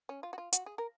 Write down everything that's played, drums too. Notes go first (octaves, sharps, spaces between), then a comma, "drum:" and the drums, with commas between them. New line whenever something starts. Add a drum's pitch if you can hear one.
C#4
F4
F#4
F4
F#4, drum: hi-hat
G#4
A#4